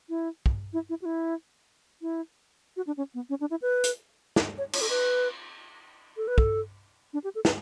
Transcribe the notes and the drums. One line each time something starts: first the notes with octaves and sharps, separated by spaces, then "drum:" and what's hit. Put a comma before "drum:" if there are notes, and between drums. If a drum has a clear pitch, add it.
E4
drum: kick
E4
E4
F#4
E4
E4
F#4
D4
C#4
B3
C#4
D4
E4
B4
drum: hi-hat
drum: snare
C#5
C#5, drum: cymbal
A4
B4
A4
B4
A4, drum: kick
D4
G4
A4
B4, drum: snare